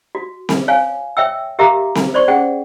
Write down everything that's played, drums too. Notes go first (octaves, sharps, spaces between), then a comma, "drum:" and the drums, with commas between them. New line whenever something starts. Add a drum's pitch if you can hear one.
F#4
drum: snare C4
C#5 F5 G#5
C#5 E5 G5 E6
G4 A#4 E5 F5 A#5 D6
drum: snare C4
C5 D5 C6 C#6
C#4 G#4 F#5 G5